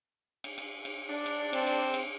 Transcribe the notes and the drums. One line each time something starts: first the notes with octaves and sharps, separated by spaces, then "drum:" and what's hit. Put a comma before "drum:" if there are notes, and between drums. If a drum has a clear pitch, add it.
drum: cymbal
drum: cymbal
drum: cymbal
D4
drum: cymbal
C4, drum: cymbal
drum: cymbal
drum: cymbal